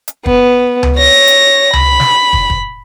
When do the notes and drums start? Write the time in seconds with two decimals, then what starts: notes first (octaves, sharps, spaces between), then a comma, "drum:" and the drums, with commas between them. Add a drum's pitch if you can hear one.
0.08 drum: hi-hat
0.26 B3, drum: kick
0.83 drum: tom C#2
0.96 C#5 A#6
1.28 drum: hi-hat
1.73 B5, drum: tom C#2
2.00 drum: snare
2.33 drum: kick
2.50 drum: kick